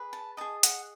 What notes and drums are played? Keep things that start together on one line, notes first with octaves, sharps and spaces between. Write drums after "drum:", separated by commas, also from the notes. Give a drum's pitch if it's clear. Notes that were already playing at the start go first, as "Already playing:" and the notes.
Already playing: G#4 B4
A5
G#4 D#5 A5
F#5, drum: hi-hat